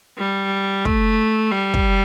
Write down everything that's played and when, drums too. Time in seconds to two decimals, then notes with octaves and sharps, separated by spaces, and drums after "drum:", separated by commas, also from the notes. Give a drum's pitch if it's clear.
0.18 G3
0.85 A3, drum: kick
1.51 G3
1.74 drum: kick